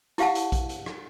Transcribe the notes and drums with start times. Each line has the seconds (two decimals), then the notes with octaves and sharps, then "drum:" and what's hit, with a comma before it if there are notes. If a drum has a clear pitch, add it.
0.18 E4 G4 F5 F#5 A5, drum: hi-hat
0.35 drum: hi-hat
0.52 drum: kick A#1, hi-hat
0.69 drum: hi-hat
0.86 drum: rim click